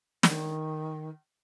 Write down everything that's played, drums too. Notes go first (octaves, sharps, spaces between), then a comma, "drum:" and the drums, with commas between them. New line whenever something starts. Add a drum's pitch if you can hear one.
D#3, drum: snare